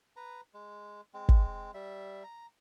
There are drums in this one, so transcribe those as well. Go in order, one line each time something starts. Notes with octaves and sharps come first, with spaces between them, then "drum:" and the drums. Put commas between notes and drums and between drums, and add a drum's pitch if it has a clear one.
B4 A#5
G#3
G#3 C4
drum: kick
G3 E5
A#5